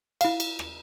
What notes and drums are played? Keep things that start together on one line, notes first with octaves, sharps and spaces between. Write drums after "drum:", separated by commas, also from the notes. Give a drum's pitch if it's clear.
E4 F5, drum: cymbal
drum: cymbal
drum: rim click